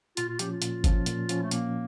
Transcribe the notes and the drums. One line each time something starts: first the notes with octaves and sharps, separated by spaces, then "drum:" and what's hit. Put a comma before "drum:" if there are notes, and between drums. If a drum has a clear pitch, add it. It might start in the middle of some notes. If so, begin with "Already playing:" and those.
A#2 F4, drum: hi-hat
F4
F3 C#4 G4, drum: hi-hat
F4
A#2, drum: hi-hat
F3 C#4, drum: kick G1, hi-hat
A#2, drum: hi-hat
F3 C#4, drum: hi-hat
A3
A#2 A#3, drum: hi-hat